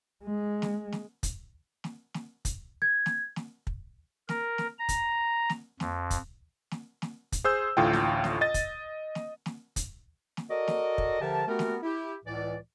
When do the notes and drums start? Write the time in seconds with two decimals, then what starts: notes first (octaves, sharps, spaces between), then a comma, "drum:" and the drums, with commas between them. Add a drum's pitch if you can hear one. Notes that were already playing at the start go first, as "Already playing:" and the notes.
0.24 G#3
0.62 drum: snare
0.92 drum: snare
1.23 drum: kick, hi-hat
1.84 drum: snare
2.14 drum: snare
2.45 drum: kick, hi-hat
2.82 G#6
3.06 drum: snare
3.36 drum: snare
3.67 drum: kick
4.29 A#4, drum: snare
4.58 drum: snare
4.79 A#5
4.89 drum: kick, hi-hat
5.50 drum: snare
5.80 F2, drum: snare
6.10 drum: kick, hi-hat
6.71 drum: snare
7.02 drum: snare
7.32 drum: kick, hi-hat
7.44 G#4 C5 E6 G6
7.77 A1 D2 A2 F4 G5
7.93 drum: snare
8.24 drum: snare
8.41 D#5 A6
8.54 drum: kick, hi-hat
9.15 drum: snare
9.46 drum: snare
9.76 drum: kick, hi-hat
10.37 drum: snare
10.50 F#4 A4 A#4 D5 D#5
10.68 drum: snare
10.98 drum: kick
11.21 D3 F3 G4 A#4 E5 A5
11.48 A3 B3 F#4 G4 A#4
11.59 drum: snare
11.83 E4 G4
12.25 C#2 A2 E3 D5